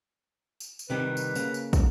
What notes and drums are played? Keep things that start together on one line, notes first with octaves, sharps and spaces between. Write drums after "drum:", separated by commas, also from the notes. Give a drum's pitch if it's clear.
drum: tambourine
drum: tambourine
C3 D#3 G3 B4
drum: tambourine
C#3 A#3, drum: tambourine
drum: tambourine
drum: kick, tambourine